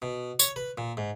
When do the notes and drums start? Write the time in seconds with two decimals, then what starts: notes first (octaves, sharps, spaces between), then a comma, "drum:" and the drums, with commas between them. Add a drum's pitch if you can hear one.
0.02 B2
0.39 C#5, drum: tambourine
0.56 B4
0.78 A#2
0.97 G#2